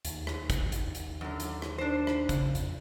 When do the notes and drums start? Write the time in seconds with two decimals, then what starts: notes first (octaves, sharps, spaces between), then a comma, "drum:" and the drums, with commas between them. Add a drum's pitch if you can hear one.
0.05 D#2, drum: hi-hat
0.27 drum: rim click
0.50 drum: kick, hi-hat
0.72 drum: hi-hat
0.95 drum: hi-hat
1.21 F#2 D3
1.40 drum: hi-hat
1.62 drum: rim click
1.78 D4 C5
2.07 drum: rim click
2.29 C#3, drum: kick, hi-hat
2.55 F2, drum: hi-hat